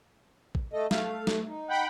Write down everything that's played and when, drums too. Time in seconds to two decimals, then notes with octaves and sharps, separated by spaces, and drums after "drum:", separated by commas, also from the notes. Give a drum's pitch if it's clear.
0.55 drum: kick
0.73 A3 A4 D#5
0.91 A3 F5, drum: snare
1.27 drum: snare
1.46 D#4
1.68 F#5 G5 B5